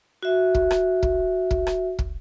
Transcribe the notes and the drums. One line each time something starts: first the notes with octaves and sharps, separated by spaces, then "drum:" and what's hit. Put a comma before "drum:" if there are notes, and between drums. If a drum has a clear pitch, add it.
F#4 E5
drum: kick
drum: rim click
drum: kick
drum: kick
drum: rim click
drum: kick